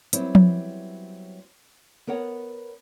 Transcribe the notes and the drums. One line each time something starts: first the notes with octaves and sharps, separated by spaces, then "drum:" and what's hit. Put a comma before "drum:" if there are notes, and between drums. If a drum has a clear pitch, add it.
F#3 G3 B3 C4 E4, drum: hi-hat
drum: tom F3
B3 A#4 C#5 F#5